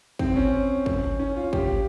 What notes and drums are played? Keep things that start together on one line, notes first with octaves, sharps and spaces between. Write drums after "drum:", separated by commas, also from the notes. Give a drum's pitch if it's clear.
C4, drum: kick
C#4
drum: kick
C#4
F4
G4, drum: kick